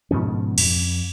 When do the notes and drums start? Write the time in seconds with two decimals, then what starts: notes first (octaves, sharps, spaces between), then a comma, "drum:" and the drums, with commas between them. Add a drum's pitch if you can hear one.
0.11 G#2 B2 F3 C#4
0.58 F2, drum: cymbal